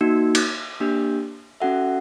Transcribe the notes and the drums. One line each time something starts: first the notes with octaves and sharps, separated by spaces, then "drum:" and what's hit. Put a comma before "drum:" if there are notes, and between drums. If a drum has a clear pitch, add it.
A#3 D#4 F#4
drum: cymbal
A#3 D4 G4
C#4 F#4 A4 E5 F#5